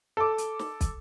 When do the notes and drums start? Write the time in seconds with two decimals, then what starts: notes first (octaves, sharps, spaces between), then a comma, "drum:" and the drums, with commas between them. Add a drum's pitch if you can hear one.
0.17 A4 D6
0.38 drum: hi-hat
0.59 drum: snare
0.81 drum: kick, hi-hat